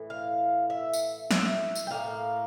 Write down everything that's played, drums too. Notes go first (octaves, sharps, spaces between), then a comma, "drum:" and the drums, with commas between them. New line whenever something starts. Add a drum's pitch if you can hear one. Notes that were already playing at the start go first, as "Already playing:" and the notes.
Already playing: A2 E3
F5
E5
drum: tambourine
E5, drum: snare
drum: tambourine
G5
A2 G3 A#3 F5